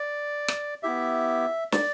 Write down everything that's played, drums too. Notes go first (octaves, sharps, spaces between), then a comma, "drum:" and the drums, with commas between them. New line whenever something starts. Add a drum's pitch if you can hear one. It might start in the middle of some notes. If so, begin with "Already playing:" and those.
Already playing: D5
drum: rim click
B3 E4 G4 E5
D5, drum: snare